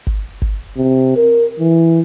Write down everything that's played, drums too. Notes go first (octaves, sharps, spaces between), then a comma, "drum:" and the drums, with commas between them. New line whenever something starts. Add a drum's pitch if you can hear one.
drum: kick G1
drum: kick G1
C3
A#4
E3